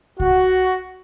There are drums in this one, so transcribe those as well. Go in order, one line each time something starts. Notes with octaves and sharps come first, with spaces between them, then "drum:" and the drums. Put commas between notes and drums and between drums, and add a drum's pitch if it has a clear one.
F#4, drum: kick C2